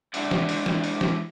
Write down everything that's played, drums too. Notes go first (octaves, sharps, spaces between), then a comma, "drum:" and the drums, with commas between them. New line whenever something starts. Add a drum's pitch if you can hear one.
G#3 D4 E4 D5 E5 F#5, drum: open hi-hat
drum: snare
drum: open hi-hat
drum: snare
drum: open hi-hat
drum: snare